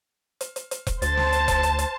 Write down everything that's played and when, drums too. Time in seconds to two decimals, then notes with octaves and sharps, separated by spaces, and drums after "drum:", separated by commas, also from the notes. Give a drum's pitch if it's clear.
0.41 drum: hi-hat
0.56 drum: hi-hat
0.71 drum: hi-hat
0.87 drum: kick E1, hi-hat
1.02 D2 C5 A5 A6, drum: hi-hat
1.17 drum: snare
1.33 drum: hi-hat
1.48 drum: kick E1, hi-hat
1.63 drum: hi-hat
1.79 drum: hi-hat